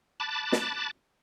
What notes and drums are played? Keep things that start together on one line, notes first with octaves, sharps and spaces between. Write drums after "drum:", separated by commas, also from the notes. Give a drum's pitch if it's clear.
A5 B5 D6 F#6 A6
drum: snare